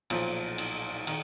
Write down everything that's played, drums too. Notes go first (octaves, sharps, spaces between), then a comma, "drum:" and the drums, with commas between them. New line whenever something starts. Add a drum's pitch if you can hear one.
B1 A#2 F3, drum: cymbal
drum: cymbal
D#3, drum: cymbal